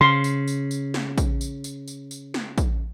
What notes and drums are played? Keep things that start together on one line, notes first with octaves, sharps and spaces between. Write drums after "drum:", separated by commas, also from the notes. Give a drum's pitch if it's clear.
C#3 C6
drum: tambourine
drum: tambourine
drum: tambourine
drum: snare
drum: kick, tambourine
drum: tambourine
drum: tambourine
drum: tambourine
drum: tambourine
drum: snare
drum: kick, tambourine